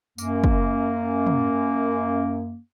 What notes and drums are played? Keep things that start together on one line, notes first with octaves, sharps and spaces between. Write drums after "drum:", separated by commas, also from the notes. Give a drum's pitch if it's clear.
F#2 A#3, drum: tambourine
drum: kick
drum: tom